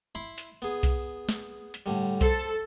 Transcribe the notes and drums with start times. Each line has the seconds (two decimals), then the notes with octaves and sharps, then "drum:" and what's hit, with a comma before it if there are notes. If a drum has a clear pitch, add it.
0.15 E4 B5 C6
0.38 drum: hi-hat
0.62 B3 G#4
0.83 drum: kick B1, hi-hat
1.29 drum: snare
1.74 drum: hi-hat
1.86 A2 D3 G3
2.21 A4 C5, drum: kick B1, hi-hat